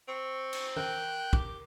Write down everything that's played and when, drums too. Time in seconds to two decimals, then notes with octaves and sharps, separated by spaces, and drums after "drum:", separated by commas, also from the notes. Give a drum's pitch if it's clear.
0.08 C4 C#6
0.53 drum: cymbal
0.77 A#4 G5 F#6 G6, drum: tom E3
1.33 G4, drum: kick